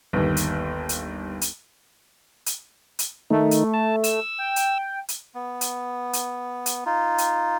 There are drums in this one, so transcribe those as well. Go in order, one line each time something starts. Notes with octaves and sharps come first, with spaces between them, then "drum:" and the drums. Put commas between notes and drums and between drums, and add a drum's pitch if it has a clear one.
G1 D#2
drum: hi-hat
drum: hi-hat
drum: hi-hat
drum: hi-hat
drum: hi-hat
D#3 A3 D#4
drum: hi-hat
A5
E6, drum: hi-hat
G5
drum: hi-hat
drum: hi-hat
B3
drum: hi-hat
drum: hi-hat
drum: hi-hat
D#4 F4
drum: hi-hat